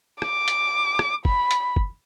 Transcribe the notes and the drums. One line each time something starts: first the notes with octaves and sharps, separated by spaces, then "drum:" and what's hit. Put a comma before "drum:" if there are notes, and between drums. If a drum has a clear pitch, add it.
D6, drum: rim click
drum: hi-hat
drum: rim click
B5, drum: kick
drum: hi-hat
drum: kick